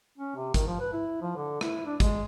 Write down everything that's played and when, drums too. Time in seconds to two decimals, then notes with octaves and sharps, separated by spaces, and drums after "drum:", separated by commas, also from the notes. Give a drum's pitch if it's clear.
0.18 C#4
0.36 C3
0.54 D#3, drum: kick, hi-hat
0.68 F3
0.81 B4
0.93 E4
1.22 F3
1.36 D3
1.61 E4, drum: rim click
1.86 D4
2.00 G#3, drum: kick, hi-hat